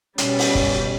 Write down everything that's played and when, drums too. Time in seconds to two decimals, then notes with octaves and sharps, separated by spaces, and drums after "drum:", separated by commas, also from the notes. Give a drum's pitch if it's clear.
0.18 B2 G3 C#4, drum: hi-hat
0.39 drum: open hi-hat
0.55 drum: kick